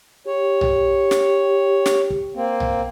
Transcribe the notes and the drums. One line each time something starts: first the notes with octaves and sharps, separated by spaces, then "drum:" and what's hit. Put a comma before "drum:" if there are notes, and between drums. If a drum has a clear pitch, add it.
G4 C#5
drum: tom B1
drum: snare
drum: snare
drum: kick
A#3 C4
drum: tom B1